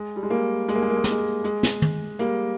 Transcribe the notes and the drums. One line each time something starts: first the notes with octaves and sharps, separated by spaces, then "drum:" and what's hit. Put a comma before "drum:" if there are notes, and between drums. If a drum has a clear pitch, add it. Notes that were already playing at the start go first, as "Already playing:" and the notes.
Already playing: G#3
G3
G#3
G3 A#3
G#3, drum: hi-hat
A#3
G#3
A#3
G#3
A#3, drum: snare
G#3
G#3, drum: hi-hat
drum: snare
drum: tom
G3 A#3, drum: hi-hat